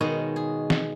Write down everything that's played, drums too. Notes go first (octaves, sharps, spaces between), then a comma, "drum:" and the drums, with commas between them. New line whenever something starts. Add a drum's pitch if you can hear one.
B2 D#3 G#3 F#4 C#5 D#5
G#4
drum: snare